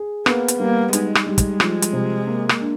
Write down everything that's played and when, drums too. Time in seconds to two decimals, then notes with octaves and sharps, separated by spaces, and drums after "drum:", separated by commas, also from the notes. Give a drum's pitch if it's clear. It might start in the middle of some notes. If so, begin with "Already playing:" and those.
Already playing: G#4
0.26 A#3 B3, drum: rim click
0.48 drum: hi-hat
0.59 G3 A#3
0.93 G#3 D#4, drum: hi-hat
1.15 drum: rim click
1.26 G3 G#3
1.38 drum: kick, hi-hat
1.60 F3, drum: rim click
1.82 drum: hi-hat
1.93 C3
2.27 A#3
2.49 drum: rim click
2.61 D4